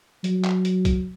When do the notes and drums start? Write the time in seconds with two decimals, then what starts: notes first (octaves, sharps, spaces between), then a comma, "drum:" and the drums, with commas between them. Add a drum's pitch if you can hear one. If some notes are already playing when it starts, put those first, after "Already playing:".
0.24 F#3, drum: hi-hat
0.45 drum: clap
0.65 drum: hi-hat
0.85 drum: kick B1, hi-hat